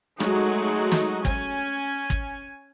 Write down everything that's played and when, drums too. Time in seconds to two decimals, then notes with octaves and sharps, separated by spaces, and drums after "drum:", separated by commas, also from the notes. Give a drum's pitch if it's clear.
0.20 F#3 G#3 A3 D#4 F#4, drum: rim click
0.92 drum: snare
1.25 C#4 G#5, drum: kick
2.10 drum: kick